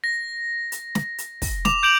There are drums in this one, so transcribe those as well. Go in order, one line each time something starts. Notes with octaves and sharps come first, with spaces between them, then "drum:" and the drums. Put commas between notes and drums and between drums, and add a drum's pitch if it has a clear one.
A#6
drum: hi-hat
drum: snare
drum: hi-hat
drum: kick, open hi-hat
D6 F7, drum: snare
D6 G6 D7 F7 F#7